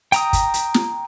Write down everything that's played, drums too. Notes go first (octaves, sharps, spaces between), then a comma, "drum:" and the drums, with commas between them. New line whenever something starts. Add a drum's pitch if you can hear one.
G5 A#5 D#6, drum: hi-hat
drum: kick, hi-hat
drum: hi-hat
drum: snare